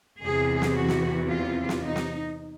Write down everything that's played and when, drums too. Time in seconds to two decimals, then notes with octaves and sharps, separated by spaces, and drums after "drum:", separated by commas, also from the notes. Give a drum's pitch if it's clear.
0.22 E2 C3 E3 G#4
0.62 drum: snare
0.75 F#4
0.88 drum: snare
1.28 F4
1.69 drum: snare
1.82 D#4
1.96 drum: snare